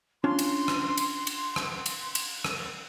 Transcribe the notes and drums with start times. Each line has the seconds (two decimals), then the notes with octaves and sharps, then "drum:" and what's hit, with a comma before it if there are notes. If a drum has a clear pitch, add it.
0.24 C#4 D4 F4 C6
0.39 drum: cymbal
0.68 drum: rim click
0.97 drum: cymbal
1.27 drum: cymbal
1.56 drum: rim click
1.86 drum: cymbal
2.15 drum: cymbal
2.45 drum: rim click